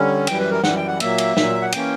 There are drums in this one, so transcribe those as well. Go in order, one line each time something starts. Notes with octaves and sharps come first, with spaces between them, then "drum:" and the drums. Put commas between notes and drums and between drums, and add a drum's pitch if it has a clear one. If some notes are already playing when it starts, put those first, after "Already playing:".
Already playing: D3 G3 C#4
F#2 E3 G3 G5, drum: cymbal
B4
A#4
F#2 E3 G3 F#5, drum: snare
G5
F#5
A#2 F#3 A#3 E5, drum: cymbal
drum: cymbal
A#2 F#3 A#3, drum: snare
F#5
E3 A#3 C#4 G5, drum: cymbal